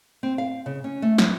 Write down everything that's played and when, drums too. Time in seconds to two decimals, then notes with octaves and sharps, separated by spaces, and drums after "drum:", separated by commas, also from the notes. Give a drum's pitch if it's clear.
0.23 C4
0.38 F5
0.66 C#3
0.84 C#4
1.02 A3
1.18 B3, drum: snare